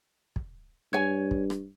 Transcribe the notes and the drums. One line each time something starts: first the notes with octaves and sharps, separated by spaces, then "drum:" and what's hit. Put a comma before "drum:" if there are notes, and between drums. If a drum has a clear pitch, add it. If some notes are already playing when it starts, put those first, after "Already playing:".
drum: kick
G2 C#5 G#5
drum: kick
drum: rim click